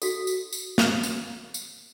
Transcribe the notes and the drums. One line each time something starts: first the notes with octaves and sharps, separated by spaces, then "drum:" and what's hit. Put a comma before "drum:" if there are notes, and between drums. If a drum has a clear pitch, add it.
F#4 A4, drum: tambourine
drum: tambourine
drum: tambourine
drum: snare
drum: tambourine
drum: tambourine